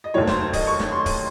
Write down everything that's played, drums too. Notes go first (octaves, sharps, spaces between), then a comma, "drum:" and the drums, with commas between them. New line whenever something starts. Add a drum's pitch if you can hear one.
D#5
F1 D#2 D#3 F#3 C#5
C5, drum: snare
C5
D#5, drum: kick D1, open hi-hat
C#6
drum: snare
C6
drum: kick D1, open hi-hat